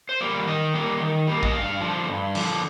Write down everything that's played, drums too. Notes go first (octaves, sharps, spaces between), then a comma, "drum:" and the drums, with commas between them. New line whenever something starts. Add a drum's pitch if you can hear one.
C5
G3 A#3 D5
D#3 D#5
G3 A#3
D#3
G3 A#3
D#5, drum: kick A1
G2 F5
D3 F3
G2
D3 F3, drum: cymbal